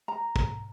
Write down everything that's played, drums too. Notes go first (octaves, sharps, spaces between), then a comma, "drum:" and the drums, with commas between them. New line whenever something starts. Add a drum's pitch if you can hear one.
A#5
drum: kick